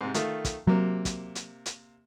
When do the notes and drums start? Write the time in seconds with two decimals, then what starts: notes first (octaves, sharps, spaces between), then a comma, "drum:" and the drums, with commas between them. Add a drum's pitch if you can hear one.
0.01 G#2 C3
0.14 D#3 A3 F4, drum: hi-hat
0.45 drum: kick, hi-hat
0.67 C3 F#3 A#3
1.05 drum: kick, hi-hat
1.35 drum: hi-hat
1.66 drum: hi-hat